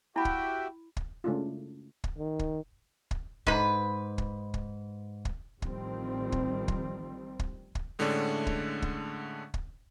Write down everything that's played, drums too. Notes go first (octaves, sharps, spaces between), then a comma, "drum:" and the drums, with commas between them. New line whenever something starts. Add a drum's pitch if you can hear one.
E4 F#4 G4 E5 G5 B5
drum: kick
drum: kick
C#3 G#3 A3 D4 E4 F4
drum: kick
D#3
drum: kick
drum: kick
G#2 B4, drum: kick
drum: kick
drum: kick
drum: kick
A1 D#3 F3 G3 C4, drum: kick
drum: kick
drum: kick
drum: kick
drum: kick
A2 D3 G#3 A3 C#4 D4
drum: kick
drum: kick
drum: kick